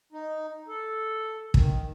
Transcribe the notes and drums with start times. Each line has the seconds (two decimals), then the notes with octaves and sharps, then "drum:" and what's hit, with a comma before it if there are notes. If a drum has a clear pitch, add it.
0.13 D#4
0.68 A4
1.54 D#3, drum: kick